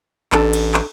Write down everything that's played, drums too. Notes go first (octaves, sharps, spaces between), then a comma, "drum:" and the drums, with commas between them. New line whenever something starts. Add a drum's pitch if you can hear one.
A1 D4 A4, drum: clap
drum: cymbal
drum: clap